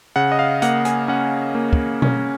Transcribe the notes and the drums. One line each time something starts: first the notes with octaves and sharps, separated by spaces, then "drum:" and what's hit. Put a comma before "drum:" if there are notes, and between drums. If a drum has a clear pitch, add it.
C#3 F#5
D#5
F5
A#3 F#5, drum: hi-hat
G#5, drum: hi-hat
C#4 F#5
A#3
drum: kick
C#4, drum: tom B2